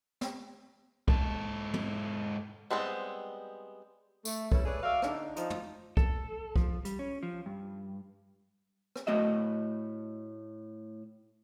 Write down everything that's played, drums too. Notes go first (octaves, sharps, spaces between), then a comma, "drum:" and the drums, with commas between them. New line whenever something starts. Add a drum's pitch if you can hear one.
drum: snare
G#2 A4, drum: kick B1
drum: tom
G3 G#3 B3 C4
A3, drum: tambourine
G3 C#4 E4 A4 B4 E5, drum: kick B1
G#4 A4 B4 C#5 D5
F#4 D5 E5 F5
D3 D4 D#4, drum: rim click
F3 D#4, drum: hi-hat
drum: tom
A4, drum: kick B1
F3, drum: kick B1
G3, drum: hi-hat
C#4
F3
G2
drum: rim click
A2 A3 F#4 D#5 E5